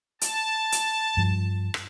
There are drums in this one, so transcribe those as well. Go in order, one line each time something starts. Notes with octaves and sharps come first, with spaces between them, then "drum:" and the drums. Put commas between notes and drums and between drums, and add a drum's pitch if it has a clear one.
A5, drum: hi-hat
drum: hi-hat
G2 F3
drum: rim click